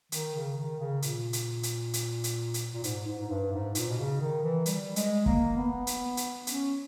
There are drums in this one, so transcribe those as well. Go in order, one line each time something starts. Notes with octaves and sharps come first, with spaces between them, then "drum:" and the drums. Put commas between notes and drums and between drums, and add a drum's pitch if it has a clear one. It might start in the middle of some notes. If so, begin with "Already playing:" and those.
D#3, drum: hi-hat
C#3
D#3
C#3
A#2, drum: hi-hat
drum: hi-hat
drum: hi-hat
drum: hi-hat
drum: hi-hat
drum: hi-hat
A#2
G#2, drum: hi-hat
G#2
G#2
G2
G#2
A#2, drum: hi-hat
B2
C#3
D#3
E3
G3, drum: hi-hat
G#3, drum: hi-hat
A#3, drum: kick
B3
drum: hi-hat
drum: hi-hat
C#4, drum: hi-hat